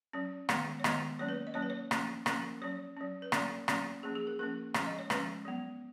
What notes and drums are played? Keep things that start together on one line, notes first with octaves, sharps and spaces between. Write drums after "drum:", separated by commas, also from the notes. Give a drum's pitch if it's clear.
F#3 C#4
D#3 G#3 B3 F5, drum: rim click
C#5
D#3 G#3 B3 D#5, drum: rim click
F#3 A#3 C#4 C#5
B4
D#5
F#3 A#3 C#4 C#5
B4
C#5
F3 A#3 C#4, drum: rim click
F3 A#3 C#4 A#4, drum: rim click
F#3 C#4 C#5
F#3 C#4
B4
F#3 A#3 C#4 A#4, drum: rim click
F#3 A#3 C#4, drum: rim click
F3 A#3 C#4 G#4
G#4
A#4
F3 A#3 C#4 A#4
F3 G#3 C#4, drum: rim click
D#5
C#5
F3 G#3 C#4 B4, drum: rim click
F#3 B3